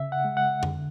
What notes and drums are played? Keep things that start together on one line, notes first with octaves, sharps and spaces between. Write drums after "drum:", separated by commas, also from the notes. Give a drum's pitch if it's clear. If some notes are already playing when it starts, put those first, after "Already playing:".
Already playing: C#3 E5
F#5
G#3
F#5
D3, drum: tom F2